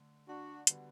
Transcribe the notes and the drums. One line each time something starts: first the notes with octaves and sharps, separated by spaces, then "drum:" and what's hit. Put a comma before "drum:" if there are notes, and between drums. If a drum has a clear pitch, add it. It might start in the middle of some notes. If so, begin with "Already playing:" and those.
Already playing: D3 A3
D4 F#4
D3 G3 B3 F#4, drum: hi-hat